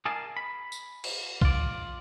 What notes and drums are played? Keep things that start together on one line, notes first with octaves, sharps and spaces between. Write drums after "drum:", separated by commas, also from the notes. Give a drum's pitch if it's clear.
G#4 A#4 D#5 F5 G#5 A5
B5
drum: tambourine
drum: cymbal
F4 D5, drum: kick B1